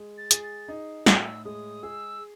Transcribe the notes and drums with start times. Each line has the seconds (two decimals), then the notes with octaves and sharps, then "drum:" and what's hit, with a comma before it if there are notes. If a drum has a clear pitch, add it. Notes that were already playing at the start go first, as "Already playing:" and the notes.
Already playing: G#3
0.18 A6
0.31 G#4, drum: hi-hat
0.43 A6
0.68 D#4
1.06 A2 E6, drum: snare
1.14 F#6
1.22 E6
1.45 G#3 D#6
1.83 G#4 E6